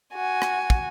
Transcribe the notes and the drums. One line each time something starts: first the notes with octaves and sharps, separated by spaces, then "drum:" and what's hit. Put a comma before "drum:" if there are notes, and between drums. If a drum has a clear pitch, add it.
F#4 G#5
drum: rim click
drum: kick